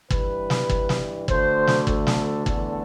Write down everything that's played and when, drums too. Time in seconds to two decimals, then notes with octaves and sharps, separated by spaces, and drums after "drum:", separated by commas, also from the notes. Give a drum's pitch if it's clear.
0.10 G2 E3 G3 B4, drum: kick
0.50 drum: snare
0.70 drum: kick
0.89 drum: snare
1.28 D2 D3 A3 C5, drum: kick
1.67 drum: snare
1.87 A4, drum: kick
2.07 drum: snare
2.46 E2 D3 A3, drum: kick